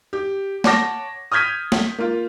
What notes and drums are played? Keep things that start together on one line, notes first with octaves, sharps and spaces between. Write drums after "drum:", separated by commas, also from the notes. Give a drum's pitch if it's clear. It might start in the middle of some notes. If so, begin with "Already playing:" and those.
G4
C#5 F#5 A5 D6 A#6, drum: snare
D#6 F6 G6 G#6 B6 D#7
drum: snare
A#3 F4